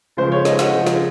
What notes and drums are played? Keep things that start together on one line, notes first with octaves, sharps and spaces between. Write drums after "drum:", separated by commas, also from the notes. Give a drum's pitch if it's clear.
C#3 F3 G#3 C5
C#5
D#5, drum: snare
F#5, drum: snare
C#3 F3 G#3
drum: snare